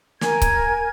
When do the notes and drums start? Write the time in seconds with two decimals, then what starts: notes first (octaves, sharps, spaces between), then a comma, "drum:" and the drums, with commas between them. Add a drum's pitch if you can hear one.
0.21 A#4 G#5 G#6, drum: snare
0.42 drum: kick C#1, hi-hat